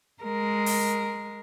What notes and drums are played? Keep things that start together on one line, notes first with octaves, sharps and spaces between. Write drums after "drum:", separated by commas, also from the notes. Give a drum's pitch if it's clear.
G#3 A#4
drum: open hi-hat